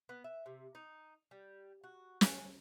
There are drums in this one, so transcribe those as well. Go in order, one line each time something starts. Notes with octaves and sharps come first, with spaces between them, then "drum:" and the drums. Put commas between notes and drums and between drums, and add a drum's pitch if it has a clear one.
B3
E5
C3
D#4
G3
F#4
C#4, drum: snare